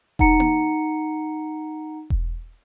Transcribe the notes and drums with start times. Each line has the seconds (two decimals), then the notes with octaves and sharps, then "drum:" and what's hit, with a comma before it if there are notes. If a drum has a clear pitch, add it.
0.19 D#4 F#5 A#5 C#7, drum: kick E1
0.40 drum: tom A#3
2.10 drum: kick E1